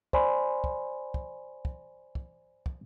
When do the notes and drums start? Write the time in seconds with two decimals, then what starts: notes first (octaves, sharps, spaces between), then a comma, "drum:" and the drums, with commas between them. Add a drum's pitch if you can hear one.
0.13 C5 D5 G#5 B5 C6, drum: kick
0.64 drum: kick
1.14 drum: kick
1.65 drum: kick
2.15 drum: kick
2.66 drum: kick